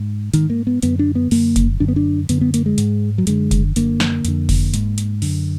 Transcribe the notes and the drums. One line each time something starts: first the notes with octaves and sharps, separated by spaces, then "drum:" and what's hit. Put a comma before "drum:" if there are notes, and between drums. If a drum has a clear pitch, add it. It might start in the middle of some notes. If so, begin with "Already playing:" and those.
Already playing: G#2
G#2 D#3, drum: hi-hat
A#3
B3
F#2 D3 B3, drum: hi-hat
D4
B3
F#2 D3 A#3, drum: open hi-hat
drum: kick F1, hi-hat
F#2 D3 D4
B3
D4
F#2 D3 B3, drum: hi-hat
B3
A#3, drum: hi-hat
G#3
G#2, drum: hi-hat
F#3
F#2 D3 G#3, drum: hi-hat
drum: kick F1, hi-hat
F#2 D3 A#3, drum: hi-hat
drum: snare
F2 D3, drum: hi-hat
drum: kick F1, open hi-hat
G#2, drum: hi-hat
drum: hi-hat
F#2 D3, drum: open hi-hat